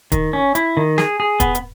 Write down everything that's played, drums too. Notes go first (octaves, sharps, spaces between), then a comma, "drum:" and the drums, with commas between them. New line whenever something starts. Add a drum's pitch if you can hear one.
D#3, drum: kick, hi-hat
C#4
E4, drum: hi-hat
D#3
G#4, drum: snare
G#4
B3, drum: kick, hi-hat
drum: hi-hat